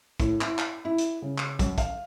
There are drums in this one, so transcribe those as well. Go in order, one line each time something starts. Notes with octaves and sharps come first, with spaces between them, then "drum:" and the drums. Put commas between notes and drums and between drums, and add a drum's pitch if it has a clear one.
A2, drum: kick, hi-hat
E4, drum: clap
drum: clap
E4
drum: hi-hat
C#3
drum: clap
F#2, drum: kick, hi-hat
F5, drum: kick, hi-hat